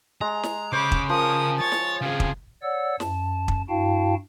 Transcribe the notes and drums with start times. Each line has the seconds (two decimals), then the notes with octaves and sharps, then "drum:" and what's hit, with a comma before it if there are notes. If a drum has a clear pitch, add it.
0.21 G#3 A#5
0.43 drum: snare
0.73 C#3 C5 C#5 B5 D6
0.92 drum: kick
1.09 F3 A#4 D#6
1.61 C#5 A6
1.72 drum: snare
2.01 C#3 C4 F4 G#4
2.20 drum: kick
2.63 C#5 D5 F#5 E6
3.00 F#2 A5, drum: snare
3.48 drum: kick
3.69 G2 E4 F#4 F5 G5 A5